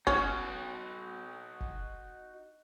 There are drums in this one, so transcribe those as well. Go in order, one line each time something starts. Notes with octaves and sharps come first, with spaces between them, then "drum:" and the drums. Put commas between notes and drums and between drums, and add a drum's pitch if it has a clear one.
C#4 D#4 F#4, drum: kick
drum: kick